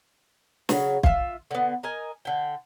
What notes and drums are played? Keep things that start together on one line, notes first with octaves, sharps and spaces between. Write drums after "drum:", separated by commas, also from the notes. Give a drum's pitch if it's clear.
C#3 F#3, drum: snare
F4 E5, drum: kick B1
D3 B3
A#4 D#5 G#5
D3 G5